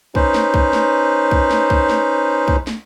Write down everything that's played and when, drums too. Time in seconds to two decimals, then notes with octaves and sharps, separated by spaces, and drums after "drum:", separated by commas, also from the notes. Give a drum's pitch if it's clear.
0.15 C#4 D#4 B4 C5, drum: kick B1
0.34 drum: snare
0.54 drum: kick B1
0.73 drum: snare
1.31 drum: kick B1
1.51 drum: snare
1.70 drum: kick B1
1.90 drum: snare
2.48 drum: kick B1
2.67 drum: snare